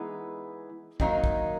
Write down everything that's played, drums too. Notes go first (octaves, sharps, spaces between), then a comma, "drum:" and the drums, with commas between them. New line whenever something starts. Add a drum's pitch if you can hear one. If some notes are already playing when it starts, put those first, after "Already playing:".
Already playing: E3 G#3 B3 D#4
D#3 F#3 A#3 D#4, drum: kick
drum: kick